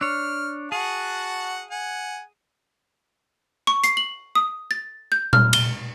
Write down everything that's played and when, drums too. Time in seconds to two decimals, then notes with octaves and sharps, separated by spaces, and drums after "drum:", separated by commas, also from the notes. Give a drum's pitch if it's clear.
0.01 D4 C#5 F6
0.72 F#4 G#4 F#5 A5
1.71 F#5 G#5
3.67 C#6
3.84 C7, drum: hi-hat
3.97 F#7
4.35 D#6
4.71 A6
5.12 G6
5.33 F6, drum: tom A#2
5.53 G7, drum: cymbal